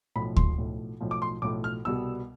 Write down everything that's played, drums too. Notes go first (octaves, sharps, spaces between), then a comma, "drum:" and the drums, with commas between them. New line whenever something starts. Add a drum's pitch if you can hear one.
B1 A2 F3 B5
C6, drum: kick D2
B1 A2 F3
B1 A2 F3
D6
C6
B1 A2 F3 D6
F6
C2 B2 G3 B3 E6